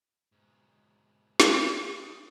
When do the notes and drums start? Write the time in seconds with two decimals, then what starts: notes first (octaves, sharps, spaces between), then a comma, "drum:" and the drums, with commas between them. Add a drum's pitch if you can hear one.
0.32 G#2 B2
1.40 drum: snare
2.02 D#6